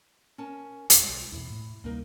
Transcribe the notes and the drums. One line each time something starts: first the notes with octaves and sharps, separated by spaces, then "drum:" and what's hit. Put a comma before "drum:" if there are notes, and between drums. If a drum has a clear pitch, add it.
C#4 A#4 A5
D1 G3 F4 A4, drum: hi-hat
B1 G#3
E2 B2 E4
A2
D2 C3 G3 A#3 D#4 A#4